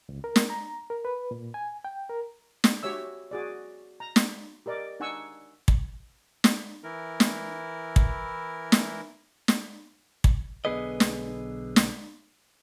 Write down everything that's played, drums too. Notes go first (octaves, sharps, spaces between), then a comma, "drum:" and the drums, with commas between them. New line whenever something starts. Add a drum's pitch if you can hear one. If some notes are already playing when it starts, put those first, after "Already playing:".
C#2
A#4
drum: snare
A#5
A#4
B4
A#2
G#5
G5
A#4
drum: snare
F#4 G4 C#5 E5 E6
F#4 G#4 D5
A#5
drum: snare
G4 A#4 D5 D#5
D4 D#4 F#5 G#5 C#6 E6
drum: kick
drum: snare
E3 E4 A#4
drum: snare
drum: kick
drum: snare
drum: snare
drum: kick
B1 D3 B3 G#4 B4 D#5
drum: snare
drum: snare